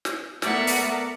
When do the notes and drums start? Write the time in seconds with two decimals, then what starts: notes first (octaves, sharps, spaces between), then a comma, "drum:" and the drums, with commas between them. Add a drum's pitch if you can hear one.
0.05 drum: snare
0.42 A3 B3 A#4 D5 E5 F#5, drum: snare
0.67 drum: open hi-hat